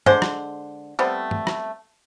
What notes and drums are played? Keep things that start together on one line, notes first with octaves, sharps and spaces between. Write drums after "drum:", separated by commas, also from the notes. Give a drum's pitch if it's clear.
D3 G#3 C5, drum: tom G2
drum: rim click
G3 A3 B3 C4
drum: tom G2
drum: rim click